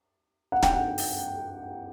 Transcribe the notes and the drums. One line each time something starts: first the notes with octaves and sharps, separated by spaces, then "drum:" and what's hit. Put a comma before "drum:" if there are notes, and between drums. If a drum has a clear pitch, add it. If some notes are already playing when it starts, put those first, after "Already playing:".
F#5
G5, drum: snare
F#5
drum: open hi-hat